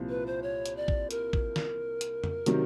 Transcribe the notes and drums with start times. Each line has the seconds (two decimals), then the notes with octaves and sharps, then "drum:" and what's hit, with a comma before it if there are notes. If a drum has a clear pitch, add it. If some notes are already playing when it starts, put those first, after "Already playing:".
Already playing: C2 A#2 F3
0.09 B4
0.26 C5
0.43 C#5
0.66 drum: hi-hat
0.77 D5
0.88 drum: kick
1.11 A#4, drum: hi-hat
1.33 drum: kick
1.56 drum: snare
2.01 drum: hi-hat
2.24 drum: tom F2
2.46 C3 D#3 F#3, drum: hi-hat